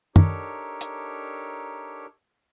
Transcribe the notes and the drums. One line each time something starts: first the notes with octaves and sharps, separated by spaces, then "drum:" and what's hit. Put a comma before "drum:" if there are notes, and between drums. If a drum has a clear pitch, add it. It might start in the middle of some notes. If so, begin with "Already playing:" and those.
D4 D#4 G4 A4 A#4 C#5, drum: tom
drum: hi-hat